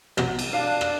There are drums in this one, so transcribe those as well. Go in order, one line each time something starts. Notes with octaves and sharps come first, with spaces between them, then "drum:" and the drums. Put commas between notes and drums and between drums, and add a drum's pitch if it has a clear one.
B1 F#3, drum: rim click
drum: cymbal
D4 F5
drum: rim click